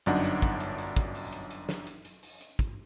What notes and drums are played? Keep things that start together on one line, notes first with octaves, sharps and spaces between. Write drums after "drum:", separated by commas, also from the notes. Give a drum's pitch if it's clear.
G1 F#2 D4 D#4 F#5, drum: hi-hat
drum: hi-hat
drum: kick, hi-hat
drum: hi-hat
drum: hi-hat
drum: kick, hi-hat
drum: open hi-hat
drum: hi-hat
drum: hi-hat
drum: snare
drum: hi-hat
drum: hi-hat
drum: open hi-hat
drum: hi-hat
drum: kick, hi-hat